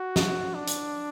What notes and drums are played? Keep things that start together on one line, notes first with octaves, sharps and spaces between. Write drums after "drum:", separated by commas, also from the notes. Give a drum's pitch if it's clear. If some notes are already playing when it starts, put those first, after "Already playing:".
Already playing: F#4
drum: snare
D4
drum: hi-hat